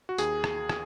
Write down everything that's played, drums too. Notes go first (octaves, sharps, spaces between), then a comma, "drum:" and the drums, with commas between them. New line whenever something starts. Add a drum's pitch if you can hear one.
F#4
D#2 G#4, drum: tambourine
drum: rim click
drum: rim click